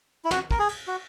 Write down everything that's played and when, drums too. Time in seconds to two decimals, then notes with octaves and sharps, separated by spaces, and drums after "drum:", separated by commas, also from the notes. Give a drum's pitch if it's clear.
0.25 E4
0.31 F#4, drum: snare
0.51 A#4, drum: kick
0.59 G#4
0.68 drum: cymbal
0.88 F#4